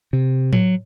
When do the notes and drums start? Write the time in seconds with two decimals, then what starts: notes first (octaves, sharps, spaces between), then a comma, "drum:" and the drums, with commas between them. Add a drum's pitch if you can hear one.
0.13 C3
0.53 F#3, drum: tom A2